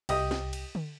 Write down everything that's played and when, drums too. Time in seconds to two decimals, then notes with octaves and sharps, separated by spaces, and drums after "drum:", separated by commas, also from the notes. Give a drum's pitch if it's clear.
0.09 C2 G4 D#5 D#6, drum: cymbal
0.31 drum: snare
0.53 drum: cymbal
0.75 drum: tom D3